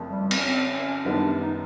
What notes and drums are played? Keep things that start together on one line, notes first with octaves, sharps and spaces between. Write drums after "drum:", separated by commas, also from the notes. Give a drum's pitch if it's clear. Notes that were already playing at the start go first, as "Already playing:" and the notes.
Already playing: F#1 F2 F3 A3
G3
C4, drum: cymbal
C#4
C4
C#4
F#2 D#3 G3 B3 D4
D#4